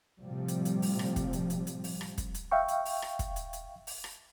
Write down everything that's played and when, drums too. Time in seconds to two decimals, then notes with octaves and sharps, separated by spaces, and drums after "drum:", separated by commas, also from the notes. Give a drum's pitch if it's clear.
0.21 A2 C3 F3 G3
0.48 drum: hi-hat
0.65 drum: hi-hat
0.82 drum: open hi-hat
0.99 drum: rim click
1.16 drum: kick, hi-hat
1.33 drum: hi-hat
1.50 drum: hi-hat
1.67 drum: hi-hat
1.84 drum: open hi-hat
2.01 drum: rim click
2.18 drum: kick, hi-hat
2.35 drum: hi-hat
2.51 E5 F5 G5 C#6
2.68 drum: hi-hat
2.85 drum: open hi-hat
3.02 drum: rim click
3.19 drum: kick, hi-hat
3.36 drum: hi-hat
3.53 drum: hi-hat
3.87 drum: open hi-hat
4.04 drum: rim click